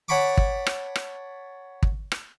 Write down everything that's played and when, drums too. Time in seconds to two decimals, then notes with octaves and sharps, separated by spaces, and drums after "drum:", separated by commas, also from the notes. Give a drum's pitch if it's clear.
0.08 C#5 F#5 A5 B5 C#6 D6
0.37 drum: kick
0.66 drum: rim click
0.96 drum: rim click
1.83 drum: kick
2.12 drum: rim click